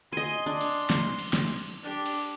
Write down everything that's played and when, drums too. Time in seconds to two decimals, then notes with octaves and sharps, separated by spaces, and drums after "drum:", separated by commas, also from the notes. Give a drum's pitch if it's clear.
0.13 D#5 G#5 C6
0.46 D4
0.61 drum: cymbal
0.90 drum: snare
1.19 drum: cymbal
1.33 drum: snare
1.48 drum: cymbal
1.83 D4 G4
2.06 drum: cymbal